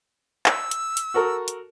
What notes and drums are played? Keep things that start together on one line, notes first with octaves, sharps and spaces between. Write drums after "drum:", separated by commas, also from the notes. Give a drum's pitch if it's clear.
E6, drum: clap
drum: hi-hat
drum: hi-hat
F#4 A4 A#4
drum: hi-hat